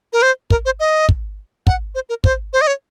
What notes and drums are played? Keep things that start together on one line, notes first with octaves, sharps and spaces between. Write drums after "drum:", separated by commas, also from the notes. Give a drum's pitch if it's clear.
A#4
C5
A#4, drum: kick
C5
D#5
drum: kick
F#5, drum: kick
C5
A#4
C5, drum: kick
C5
D#5
C#5